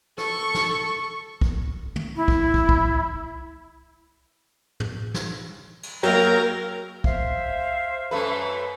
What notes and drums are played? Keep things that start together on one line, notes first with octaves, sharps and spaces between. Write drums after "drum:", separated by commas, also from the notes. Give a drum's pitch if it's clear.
A4 C#6, drum: rim click
drum: snare
drum: kick
drum: tom
E4
drum: kick
drum: kick
drum: kick
drum: tom
drum: snare
drum: cymbal
F#3 A#3 A#4 G5, drum: cymbal
C5 E5 F5, drum: kick
F#2 A3 B4